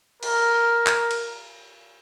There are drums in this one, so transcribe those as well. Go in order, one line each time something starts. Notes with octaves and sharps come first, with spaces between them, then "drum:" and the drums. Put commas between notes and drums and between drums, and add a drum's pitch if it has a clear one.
A#4, drum: cymbal
drum: clap
drum: cymbal